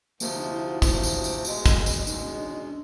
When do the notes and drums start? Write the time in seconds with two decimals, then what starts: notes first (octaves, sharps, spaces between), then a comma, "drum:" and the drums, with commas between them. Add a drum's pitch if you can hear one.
0.20 D2 C3 F3 A#3, drum: tambourine
0.36 D#4
0.52 E4
0.67 F#4
0.82 D2 C3 F3 E4, drum: kick, tambourine
1.03 drum: tambourine
1.24 drum: tambourine
1.45 E2 B2 G#3, drum: tambourine
1.66 drum: kick, tambourine
1.86 drum: tambourine
2.07 E2 B2 G#3 D#4, drum: tambourine
2.23 C#4
2.39 D4
2.54 D4